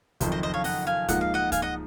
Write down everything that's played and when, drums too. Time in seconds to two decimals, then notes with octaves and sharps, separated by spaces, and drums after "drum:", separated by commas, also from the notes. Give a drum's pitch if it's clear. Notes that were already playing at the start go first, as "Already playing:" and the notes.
0.20 F#1 F2 D#3 C5, drum: kick C#2, hi-hat
0.32 C5 D#5
0.43 C5 D#5
0.54 C#5 F5
0.64 D#5 F#5, drum: open hi-hat
0.87 F5 G#5
1.08 G#2 F3 A#3 D#4 F#5, drum: kick C#2, hi-hat
1.21 F5
1.34 D#5 F#5
1.52 F5 G#5, drum: kick C#2, hi-hat
1.62 D#5 F#5